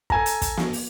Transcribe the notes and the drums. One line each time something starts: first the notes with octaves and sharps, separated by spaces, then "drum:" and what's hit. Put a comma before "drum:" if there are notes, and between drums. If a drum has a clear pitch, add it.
A4 G#5 A#5, drum: kick
drum: hi-hat
drum: kick, hi-hat
drum: snare
drum: open hi-hat